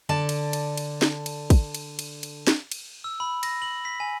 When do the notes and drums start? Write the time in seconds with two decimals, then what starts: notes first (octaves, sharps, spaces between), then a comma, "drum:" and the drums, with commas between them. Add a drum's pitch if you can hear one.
0.09 D3 D5 A5
0.29 drum: cymbal
0.53 drum: cymbal
0.77 drum: cymbal
1.02 drum: snare
1.26 drum: cymbal
1.50 drum: kick, cymbal
1.75 drum: cymbal
1.99 drum: cymbal
2.23 drum: cymbal
2.47 drum: snare
2.72 drum: cymbal
3.04 E6
3.20 B5
3.43 A#6, drum: cymbal
3.62 F#7
3.85 B6
4.00 G#5